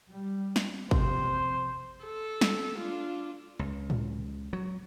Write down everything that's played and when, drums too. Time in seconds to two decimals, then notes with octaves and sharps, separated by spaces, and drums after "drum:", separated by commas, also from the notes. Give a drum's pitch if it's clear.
0.11 G3
0.56 drum: snare
0.91 F2 C3 C5, drum: kick
2.04 A4
2.41 drum: snare
2.78 D4 F4
3.59 C#2
3.90 drum: tom A2
4.53 F#3